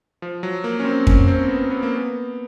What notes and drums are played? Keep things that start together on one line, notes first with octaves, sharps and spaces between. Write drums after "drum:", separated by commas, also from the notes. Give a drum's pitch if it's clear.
F3
F#3
A#3
C#4
C4
C#4, drum: kick F2
C4
B3
B3
A#3
B3